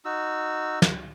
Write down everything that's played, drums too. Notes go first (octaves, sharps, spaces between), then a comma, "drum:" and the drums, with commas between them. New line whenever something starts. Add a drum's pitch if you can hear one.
D#4 F#4 E6
drum: snare